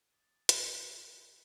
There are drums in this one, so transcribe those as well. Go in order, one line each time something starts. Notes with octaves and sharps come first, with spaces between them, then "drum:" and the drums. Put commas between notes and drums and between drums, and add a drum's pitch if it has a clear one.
G#4 D5
F4, drum: hi-hat
G4
D4
C4